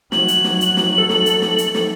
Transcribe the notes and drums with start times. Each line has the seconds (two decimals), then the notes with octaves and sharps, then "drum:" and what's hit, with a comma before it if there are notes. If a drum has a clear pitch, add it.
0.12 F#3 F#7, drum: snare
0.28 drum: hi-hat
0.44 drum: snare
0.61 drum: hi-hat
0.77 drum: snare
0.98 A4
1.09 drum: snare
1.26 drum: hi-hat
1.42 drum: snare
1.58 drum: hi-hat
1.75 drum: snare